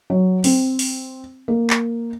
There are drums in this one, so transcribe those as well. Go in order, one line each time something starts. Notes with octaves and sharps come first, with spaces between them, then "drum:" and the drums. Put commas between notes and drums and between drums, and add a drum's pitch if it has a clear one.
F#3
C4, drum: open hi-hat
drum: open hi-hat
A#3
drum: clap